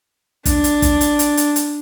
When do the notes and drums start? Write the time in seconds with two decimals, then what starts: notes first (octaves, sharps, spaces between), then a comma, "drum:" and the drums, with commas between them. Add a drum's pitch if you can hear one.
0.45 D4, drum: kick, hi-hat
0.64 drum: hi-hat
0.82 drum: kick, hi-hat
1.01 drum: hi-hat
1.19 drum: hi-hat
1.37 drum: hi-hat
1.56 drum: hi-hat